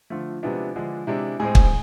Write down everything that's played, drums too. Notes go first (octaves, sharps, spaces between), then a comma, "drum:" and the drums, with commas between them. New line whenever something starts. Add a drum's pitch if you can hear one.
D3 F3 A3 F4
C3 F3 G#3 B3 D4 E4
D3 F3 G#3 D4
C3 G#3 D4 E4
A2 G#3 C4 G#4
drum: kick